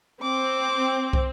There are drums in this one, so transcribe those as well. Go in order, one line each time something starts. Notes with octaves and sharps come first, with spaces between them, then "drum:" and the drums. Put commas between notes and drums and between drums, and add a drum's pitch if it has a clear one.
C4 D6
drum: kick